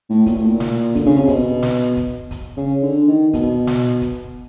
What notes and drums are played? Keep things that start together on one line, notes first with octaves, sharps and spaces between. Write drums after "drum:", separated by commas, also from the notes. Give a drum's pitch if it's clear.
A2
A#2, drum: kick, hi-hat
A2
A#2
drum: snare
D3, drum: kick, hi-hat
C#3
C3
B2, drum: kick, hi-hat
drum: snare
drum: kick, hi-hat
drum: kick, hi-hat
C#3
D3
D#3
B2, drum: kick, hi-hat
drum: snare
drum: kick, hi-hat